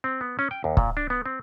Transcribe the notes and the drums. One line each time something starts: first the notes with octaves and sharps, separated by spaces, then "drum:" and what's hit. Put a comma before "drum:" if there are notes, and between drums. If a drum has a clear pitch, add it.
C4
B3
C#4
G5
D#2
A#2, drum: kick
D4
B3
C4